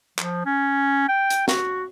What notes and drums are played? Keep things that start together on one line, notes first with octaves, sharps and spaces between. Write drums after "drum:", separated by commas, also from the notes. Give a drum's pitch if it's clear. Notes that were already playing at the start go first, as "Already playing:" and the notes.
F3, drum: clap
C#4
G5
drum: hi-hat
F#4, drum: snare